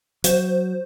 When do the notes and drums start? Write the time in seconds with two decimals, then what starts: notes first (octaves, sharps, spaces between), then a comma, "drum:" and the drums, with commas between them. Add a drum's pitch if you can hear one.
0.24 F#3 C5, drum: hi-hat